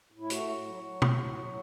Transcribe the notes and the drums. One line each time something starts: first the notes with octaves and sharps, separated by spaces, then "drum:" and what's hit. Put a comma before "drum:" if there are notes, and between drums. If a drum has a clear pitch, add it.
A2
E4
A3 F#4, drum: hi-hat
A2
F#3
F#3
A2, drum: tom B2
A2
F#3